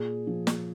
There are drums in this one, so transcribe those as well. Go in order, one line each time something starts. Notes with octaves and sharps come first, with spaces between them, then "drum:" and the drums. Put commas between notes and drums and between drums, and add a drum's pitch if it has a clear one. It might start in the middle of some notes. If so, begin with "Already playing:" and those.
Already playing: A#2 G#4
F3
drum: snare